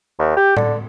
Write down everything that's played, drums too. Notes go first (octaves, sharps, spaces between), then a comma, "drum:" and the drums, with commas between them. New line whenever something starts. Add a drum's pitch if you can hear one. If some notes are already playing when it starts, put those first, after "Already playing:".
D#2
G4
D3, drum: tom A2